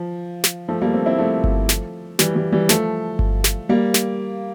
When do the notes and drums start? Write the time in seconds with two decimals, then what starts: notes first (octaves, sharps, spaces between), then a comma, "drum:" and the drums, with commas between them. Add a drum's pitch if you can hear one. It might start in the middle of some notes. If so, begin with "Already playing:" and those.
Already playing: F3
0.44 drum: snare
0.68 F3 A3
0.82 G3 A#3
0.94 A3 C4
1.06 C4 E4
1.19 F3 A3
1.44 drum: kick G1
1.69 drum: snare
2.19 E3 G3, drum: snare
2.35 E3 G3
2.52 E3 G3
2.69 F3 A3, drum: snare
3.19 drum: kick G1
3.44 drum: snare
3.69 G3 A#3
3.94 drum: snare